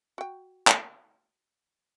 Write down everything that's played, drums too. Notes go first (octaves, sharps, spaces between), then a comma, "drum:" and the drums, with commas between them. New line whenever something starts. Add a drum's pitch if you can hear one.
F#4 G5
drum: clap